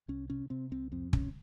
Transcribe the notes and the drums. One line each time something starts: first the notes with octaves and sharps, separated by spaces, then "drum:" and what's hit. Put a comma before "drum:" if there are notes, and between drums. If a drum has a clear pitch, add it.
C2 C#4
C3 C#4
C3 C4
C2 C4
F2 C4
C3 C#4, drum: kick